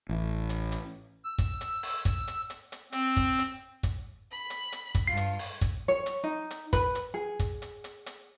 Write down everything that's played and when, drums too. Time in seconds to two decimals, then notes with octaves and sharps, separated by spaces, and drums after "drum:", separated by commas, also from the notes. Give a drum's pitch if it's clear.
0.09 A1
0.49 drum: hi-hat
0.72 drum: hi-hat
1.24 E6
1.38 drum: kick, hi-hat
1.61 drum: hi-hat
1.83 drum: open hi-hat
2.05 drum: kick, hi-hat
2.28 drum: hi-hat
2.50 drum: hi-hat
2.72 drum: hi-hat
2.92 C4, drum: hi-hat
3.17 drum: kick, hi-hat
3.39 drum: hi-hat
3.83 drum: kick, hi-hat
4.32 B5
4.50 drum: hi-hat
4.72 drum: hi-hat
4.95 drum: kick, hi-hat
5.07 G2 F4 C7
5.17 drum: hi-hat
5.39 drum: open hi-hat
5.61 drum: kick, hi-hat
5.88 C#5
6.06 drum: hi-hat
6.24 D#4
6.50 drum: hi-hat
6.73 B4, drum: kick, hi-hat
6.95 drum: hi-hat
7.14 G#4
7.40 drum: kick, hi-hat
7.62 drum: hi-hat
7.84 drum: hi-hat
8.06 drum: hi-hat